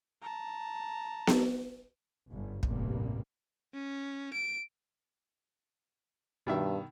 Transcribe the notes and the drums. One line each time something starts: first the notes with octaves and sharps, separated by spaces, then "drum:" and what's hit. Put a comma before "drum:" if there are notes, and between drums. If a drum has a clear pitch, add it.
A5 A#5
drum: snare B3
G1 F#2
A1 E2 G2 C3 A#3, drum: kick
C#4
D7
G2 B2 D#3 E5